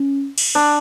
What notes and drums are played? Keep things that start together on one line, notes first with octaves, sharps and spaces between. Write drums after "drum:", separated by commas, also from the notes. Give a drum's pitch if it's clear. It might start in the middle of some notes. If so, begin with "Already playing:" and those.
Already playing: C#4
drum: cymbal
D4